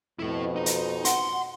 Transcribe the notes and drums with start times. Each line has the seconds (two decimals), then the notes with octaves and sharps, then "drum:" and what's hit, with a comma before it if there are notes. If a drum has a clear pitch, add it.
0.19 F2 B2 E4 A4
0.56 D#4
0.66 drum: hi-hat
1.05 F#5 C6, drum: hi-hat